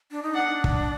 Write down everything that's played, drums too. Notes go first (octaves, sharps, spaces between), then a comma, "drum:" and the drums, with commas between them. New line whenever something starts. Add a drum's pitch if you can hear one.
D4
D#4
D4 F#5
drum: kick